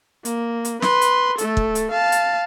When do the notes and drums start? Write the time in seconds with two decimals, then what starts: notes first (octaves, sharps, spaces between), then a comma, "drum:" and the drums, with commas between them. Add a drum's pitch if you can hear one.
0.25 A#3, drum: hi-hat
0.65 drum: hi-hat
0.82 B4 C6, drum: snare
1.01 drum: hi-hat
1.38 A3 A4, drum: hi-hat
1.57 drum: kick
1.75 drum: hi-hat
1.92 F5 A5
2.12 drum: hi-hat